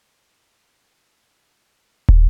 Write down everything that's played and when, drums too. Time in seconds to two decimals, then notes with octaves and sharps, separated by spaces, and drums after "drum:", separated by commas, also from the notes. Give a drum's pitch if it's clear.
0.10 C#3 E3 G#3
0.92 B2 F#3
1.73 C#3 E3 G#3 B5 D#6
2.08 drum: kick